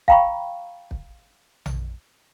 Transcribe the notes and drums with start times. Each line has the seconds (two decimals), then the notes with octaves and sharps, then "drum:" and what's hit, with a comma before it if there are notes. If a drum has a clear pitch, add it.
0.08 F5 G5 A#5 B5 C#6, drum: kick
0.91 drum: kick
1.66 drum: tom A#1